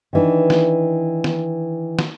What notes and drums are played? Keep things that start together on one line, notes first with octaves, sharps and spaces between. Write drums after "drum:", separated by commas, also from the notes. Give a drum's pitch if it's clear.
D#3 E3 D4
drum: snare
drum: snare
drum: snare